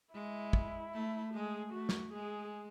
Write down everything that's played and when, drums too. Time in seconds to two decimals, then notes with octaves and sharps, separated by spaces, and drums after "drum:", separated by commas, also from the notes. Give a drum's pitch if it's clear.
0.14 G#3 E4
0.53 drum: kick
0.93 A3
1.33 G#3 G#4
1.73 A3 F#4
1.89 drum: snare
2.13 G#3 G#4